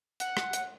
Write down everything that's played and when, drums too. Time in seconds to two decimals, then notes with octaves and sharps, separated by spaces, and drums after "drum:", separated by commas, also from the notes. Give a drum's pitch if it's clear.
0.20 F#5, drum: hi-hat
0.37 drum: rim click
0.53 drum: hi-hat